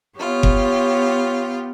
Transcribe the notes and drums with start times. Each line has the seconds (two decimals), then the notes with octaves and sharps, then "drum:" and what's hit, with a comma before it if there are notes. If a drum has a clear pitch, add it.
0.18 B3 F4 G4 C#5
0.43 drum: kick G1